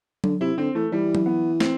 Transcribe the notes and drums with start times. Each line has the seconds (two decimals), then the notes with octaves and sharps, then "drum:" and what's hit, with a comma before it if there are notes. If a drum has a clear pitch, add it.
0.24 D3, drum: tom F#3
0.40 C3 E4
0.58 D3 C4
0.75 E3 A3
0.92 E3 G3
1.15 drum: tom F#3
1.26 B3
1.60 C4, drum: snare